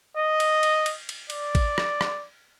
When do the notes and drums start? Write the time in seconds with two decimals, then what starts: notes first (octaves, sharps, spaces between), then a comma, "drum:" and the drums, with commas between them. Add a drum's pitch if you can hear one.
0.17 D#5
0.40 drum: cymbal
0.63 drum: cymbal
0.86 drum: cymbal
1.09 drum: cymbal
1.30 D5, drum: cymbal
1.55 drum: kick A1, cymbal
1.78 drum: rim click
2.01 drum: rim click